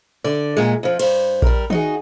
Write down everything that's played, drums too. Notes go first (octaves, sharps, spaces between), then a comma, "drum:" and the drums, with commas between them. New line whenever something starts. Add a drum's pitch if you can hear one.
D3 D5
A#2 G#3
F2 F3
G2 C5, drum: cymbal
G3 A#4, drum: kick A#1
D#4 F#4 G#4, drum: tom D#3